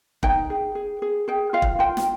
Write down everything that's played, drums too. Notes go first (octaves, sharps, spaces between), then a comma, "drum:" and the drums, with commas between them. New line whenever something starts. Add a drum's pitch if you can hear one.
D#4 G5, drum: kick
G#4
G#4
G#4
G#4 G5
F4 F5
drum: kick
F4 G5
drum: snare